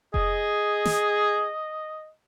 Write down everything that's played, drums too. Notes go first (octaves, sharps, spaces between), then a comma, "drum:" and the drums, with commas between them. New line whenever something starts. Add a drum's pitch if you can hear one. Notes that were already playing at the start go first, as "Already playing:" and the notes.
G#4 D#5, drum: kick F1
drum: snare